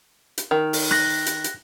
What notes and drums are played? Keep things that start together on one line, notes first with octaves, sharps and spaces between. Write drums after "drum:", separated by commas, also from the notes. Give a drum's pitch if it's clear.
drum: hi-hat
D#3
drum: open hi-hat
F#6 A#6, drum: rim click
drum: hi-hat
drum: hi-hat